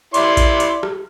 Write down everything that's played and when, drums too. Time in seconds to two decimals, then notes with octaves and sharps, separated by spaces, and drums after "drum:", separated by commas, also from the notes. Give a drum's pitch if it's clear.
0.14 E4 D5 C6, drum: hi-hat
0.37 drum: kick A1, hi-hat
0.60 drum: hi-hat
0.83 drum: rim click